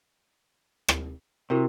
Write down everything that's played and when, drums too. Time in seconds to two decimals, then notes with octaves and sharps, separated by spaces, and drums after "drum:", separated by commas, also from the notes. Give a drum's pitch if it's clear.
0.88 drum: rim click
1.50 C3 E4 F#4 A#4